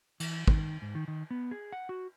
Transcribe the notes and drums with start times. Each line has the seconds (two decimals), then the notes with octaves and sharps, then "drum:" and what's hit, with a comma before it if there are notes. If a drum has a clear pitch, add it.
0.20 E3, drum: cymbal
0.48 D#3, drum: kick
0.82 G#2
0.95 D#3
1.08 D#3
1.31 B3
1.51 G#4
1.72 F#5
1.89 F#4